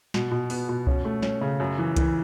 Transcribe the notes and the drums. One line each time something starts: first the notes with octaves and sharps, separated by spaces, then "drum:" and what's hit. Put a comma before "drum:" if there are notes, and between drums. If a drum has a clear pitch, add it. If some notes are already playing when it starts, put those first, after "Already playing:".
B2, drum: snare
B2
B3, drum: open hi-hat
B2
C#4, drum: kick C2
A3
C#4, drum: snare
C#3
F#2
E3
E3, drum: kick C2, hi-hat